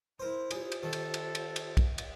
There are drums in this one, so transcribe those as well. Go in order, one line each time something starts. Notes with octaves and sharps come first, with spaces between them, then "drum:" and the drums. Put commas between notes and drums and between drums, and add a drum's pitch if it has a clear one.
E4 A#4 C5
F4 G4 G#4 C5, drum: cymbal
drum: cymbal
D#3 A4
drum: cymbal
drum: cymbal
drum: cymbal
drum: cymbal
drum: kick, cymbal
drum: cymbal